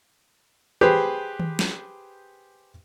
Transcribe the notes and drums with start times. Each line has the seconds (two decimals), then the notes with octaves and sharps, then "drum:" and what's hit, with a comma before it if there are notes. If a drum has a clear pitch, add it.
0.81 G4 G#4 B4 C5
1.40 drum: tom D#3
1.59 drum: snare